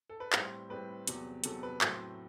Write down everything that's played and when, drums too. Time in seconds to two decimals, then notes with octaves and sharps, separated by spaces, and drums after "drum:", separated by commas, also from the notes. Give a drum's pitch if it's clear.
0.09 A4
0.20 B4
0.33 A2 G3 C4 C5, drum: clap
0.70 A2 G3 C4 B4
1.08 E2 C3 F#3, drum: hi-hat
1.44 E2 C3 F#3 A4, drum: hi-hat
1.63 B4
1.81 A2 F#3 A3 C4 C5, drum: clap